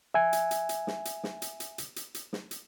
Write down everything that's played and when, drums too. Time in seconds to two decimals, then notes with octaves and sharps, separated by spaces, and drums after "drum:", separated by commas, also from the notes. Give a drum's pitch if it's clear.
0.14 E5 G#5
0.33 drum: hi-hat
0.51 drum: hi-hat
0.69 drum: hi-hat
0.87 drum: snare
1.05 drum: hi-hat
1.24 drum: snare
1.42 drum: hi-hat
1.60 drum: hi-hat
1.78 drum: hi-hat
1.96 drum: hi-hat
2.14 drum: hi-hat
2.33 drum: snare
2.51 drum: hi-hat